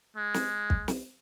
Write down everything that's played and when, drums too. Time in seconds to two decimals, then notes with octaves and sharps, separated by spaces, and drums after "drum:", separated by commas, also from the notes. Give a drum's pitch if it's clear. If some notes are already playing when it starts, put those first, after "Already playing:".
0.17 G#3
0.34 drum: snare
0.70 drum: kick
0.88 drum: snare